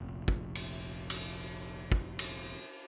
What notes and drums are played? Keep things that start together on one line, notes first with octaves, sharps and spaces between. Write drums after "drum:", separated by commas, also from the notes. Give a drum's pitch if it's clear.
F1 A#1
drum: kick
drum: cymbal
drum: cymbal
drum: kick
drum: cymbal